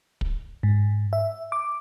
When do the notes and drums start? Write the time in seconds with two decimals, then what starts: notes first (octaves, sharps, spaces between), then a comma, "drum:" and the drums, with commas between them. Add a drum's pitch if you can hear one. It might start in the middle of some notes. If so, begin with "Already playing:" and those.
0.21 drum: kick
0.63 G#2
1.13 E5
1.52 D6